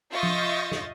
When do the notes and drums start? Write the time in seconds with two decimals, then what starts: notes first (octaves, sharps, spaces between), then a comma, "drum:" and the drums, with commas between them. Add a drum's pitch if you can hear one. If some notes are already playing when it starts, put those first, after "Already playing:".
0.12 F4 D#5 E5 C#6 G6 A6
0.23 drum: tom F3
0.72 drum: snare